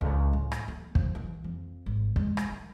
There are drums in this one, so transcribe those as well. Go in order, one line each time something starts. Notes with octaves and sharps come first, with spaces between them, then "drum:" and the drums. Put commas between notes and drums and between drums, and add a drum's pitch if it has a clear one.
C#2
A2
drum: rim click
A3
F3, drum: kick
E3
F2
G#1
G#3, drum: kick
drum: rim click
D#3